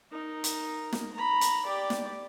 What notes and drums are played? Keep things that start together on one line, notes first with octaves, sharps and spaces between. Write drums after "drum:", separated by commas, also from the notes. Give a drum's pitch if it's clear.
D#4 A#4
drum: hi-hat
drum: snare
A#5 B5
drum: hi-hat
G4 D5
drum: snare